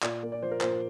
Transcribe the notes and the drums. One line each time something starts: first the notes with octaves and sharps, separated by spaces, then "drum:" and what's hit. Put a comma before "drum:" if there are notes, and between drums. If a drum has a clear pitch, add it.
A#2 D5, drum: clap
A#3
D5
F3 C5
A#4
A#2 C5, drum: clap